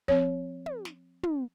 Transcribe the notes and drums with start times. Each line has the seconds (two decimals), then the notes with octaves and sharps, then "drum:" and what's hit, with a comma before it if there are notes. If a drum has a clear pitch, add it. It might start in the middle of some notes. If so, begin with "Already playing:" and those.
0.08 F3 C4 C#5, drum: kick
0.66 drum: tom
0.85 drum: snare
1.23 drum: tom